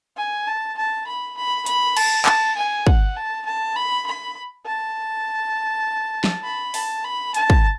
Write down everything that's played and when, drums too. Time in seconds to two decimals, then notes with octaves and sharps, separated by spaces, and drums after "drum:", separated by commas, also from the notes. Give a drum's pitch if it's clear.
0.17 G#5
0.47 A5
0.77 A5
1.07 B5
1.37 B5
1.66 B5, drum: hi-hat
1.97 A5, drum: cymbal
2.26 A5, drum: clap
2.57 G#5
2.87 F#5, drum: kick
3.16 A5
3.45 A5
3.76 B5
4.06 B5
4.66 A5
6.24 drum: snare
6.44 B5
6.74 A5, drum: open hi-hat
7.04 B5
7.34 A5, drum: hi-hat
7.50 drum: kick